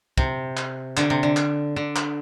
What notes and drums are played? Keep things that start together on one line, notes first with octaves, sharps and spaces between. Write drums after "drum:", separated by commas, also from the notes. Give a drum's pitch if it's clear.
C3, drum: kick
drum: clap
D3, drum: clap
C3
D3
drum: clap
D3
drum: clap